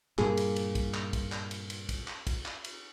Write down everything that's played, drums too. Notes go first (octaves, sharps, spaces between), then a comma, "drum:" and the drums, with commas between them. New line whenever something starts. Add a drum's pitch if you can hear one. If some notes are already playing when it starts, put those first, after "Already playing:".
G2 A#2 A#3 G#4, drum: clap
drum: cymbal
drum: cymbal
drum: kick, cymbal
drum: clap
drum: kick, cymbal
drum: clap
drum: cymbal
drum: cymbal
drum: kick, cymbal
drum: clap
drum: kick, cymbal
drum: clap
drum: cymbal